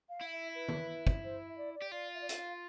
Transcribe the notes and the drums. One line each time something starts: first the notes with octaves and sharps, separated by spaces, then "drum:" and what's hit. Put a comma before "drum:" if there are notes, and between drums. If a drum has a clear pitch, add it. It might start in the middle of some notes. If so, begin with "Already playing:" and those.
F5
E4
E5
B4
drum: tom
drum: kick
C5
E5
D5
D5
G4
F4 D5
E5
D5
E5, drum: hi-hat
F5